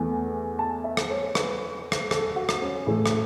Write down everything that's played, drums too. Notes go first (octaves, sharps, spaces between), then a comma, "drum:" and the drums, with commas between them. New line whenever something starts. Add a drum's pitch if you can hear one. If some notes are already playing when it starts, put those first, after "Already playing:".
Already playing: E2 E3 A3
A5
E5
drum: rim click
C#5
B4, drum: rim click
drum: rim click
A4, drum: rim click
F#4
drum: rim click
C#4
A2 E3 A3 E4
drum: rim click